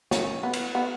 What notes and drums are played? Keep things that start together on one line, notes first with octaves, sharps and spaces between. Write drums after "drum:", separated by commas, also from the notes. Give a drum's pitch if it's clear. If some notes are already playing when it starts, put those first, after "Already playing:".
C#4, drum: snare
B3
drum: cymbal
B3